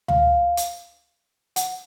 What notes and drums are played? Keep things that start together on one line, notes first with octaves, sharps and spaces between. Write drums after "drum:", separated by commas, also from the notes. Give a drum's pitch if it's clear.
F5, drum: tom D2
drum: hi-hat
F#5, drum: hi-hat